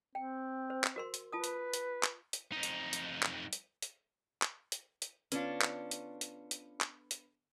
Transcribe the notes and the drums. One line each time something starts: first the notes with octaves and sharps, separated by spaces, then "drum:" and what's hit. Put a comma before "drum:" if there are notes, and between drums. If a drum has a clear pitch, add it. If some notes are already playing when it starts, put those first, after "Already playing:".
C4 G5
C5
drum: clap
F#4 A#4 C6
drum: hi-hat
F4 B4 A5 D#6
drum: hi-hat
drum: hi-hat
drum: clap
drum: hi-hat
F2 D#4
drum: hi-hat
drum: hi-hat
drum: clap
drum: hi-hat
drum: hi-hat
drum: clap
drum: hi-hat
drum: hi-hat
D3 B3 C#4 D4 F4, drum: hi-hat
drum: clap
drum: hi-hat
drum: hi-hat
drum: hi-hat
drum: clap
drum: hi-hat